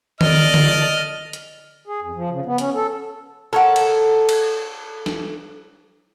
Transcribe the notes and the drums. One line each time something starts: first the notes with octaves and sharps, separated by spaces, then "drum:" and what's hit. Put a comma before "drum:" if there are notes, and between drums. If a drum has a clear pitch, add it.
A4 D5 D#5 F6, drum: tom D#3
drum: tom D3
drum: hi-hat
G#4
F2
F3
C#3
B3
C#4, drum: hi-hat
A4
A4 A#4 C#5 F#5
drum: cymbal
drum: cymbal
drum: snare